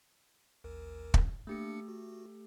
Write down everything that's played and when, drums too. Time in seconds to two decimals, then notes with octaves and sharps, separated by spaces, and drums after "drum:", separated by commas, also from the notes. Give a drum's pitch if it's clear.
0.64 A1 D#2 A#4
1.14 drum: kick
1.47 A3 A#3 D4 G4 A4 C#7
1.88 F#4